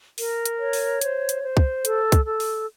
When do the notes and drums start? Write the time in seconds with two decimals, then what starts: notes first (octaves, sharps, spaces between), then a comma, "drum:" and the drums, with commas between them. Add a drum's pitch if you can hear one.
0.18 A#4, drum: open hi-hat
0.46 drum: hi-hat
0.59 C#5
0.73 drum: open hi-hat
1.01 C5, drum: hi-hat
1.29 drum: hi-hat
1.43 C5
1.57 drum: kick
1.85 A4, drum: hi-hat
2.12 drum: kick, hi-hat
2.26 A4
2.40 drum: open hi-hat